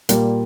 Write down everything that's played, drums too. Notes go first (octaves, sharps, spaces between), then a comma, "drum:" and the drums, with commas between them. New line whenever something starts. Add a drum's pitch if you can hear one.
A#2 G3 A#3, drum: hi-hat